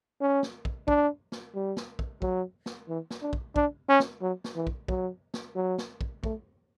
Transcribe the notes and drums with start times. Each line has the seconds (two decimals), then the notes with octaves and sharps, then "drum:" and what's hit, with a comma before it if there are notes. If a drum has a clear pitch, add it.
0.21 C#4
0.43 drum: snare
0.65 drum: kick
0.88 D4, drum: kick
1.32 drum: snare
1.55 G3
1.77 drum: snare
1.99 drum: kick
2.22 F#3, drum: kick
2.66 drum: snare
2.89 E3
3.11 drum: snare
3.22 D4
3.33 drum: kick
3.56 D4, drum: kick
3.89 C#4
4.00 drum: snare
4.21 F#3
4.44 drum: snare
4.56 E3
4.67 drum: kick
4.88 F#3, drum: kick
5.34 drum: snare
5.56 F#3
5.78 drum: snare
6.01 drum: kick
6.24 A3, drum: kick